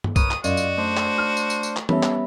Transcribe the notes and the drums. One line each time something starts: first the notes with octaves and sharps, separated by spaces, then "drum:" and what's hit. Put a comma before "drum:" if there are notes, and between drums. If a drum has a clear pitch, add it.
drum: tom G2
A#4 B4 C#5 D#6, drum: kick, tambourine
drum: clap
F#2 F4 F#4 D5 D#5, drum: tambourine
drum: tambourine
A3 D4 C5
drum: clap
F6
drum: tambourine
drum: tambourine
drum: tambourine
drum: clap
G3 B3 C#4 A4 E5 B5, drum: tom E3
drum: clap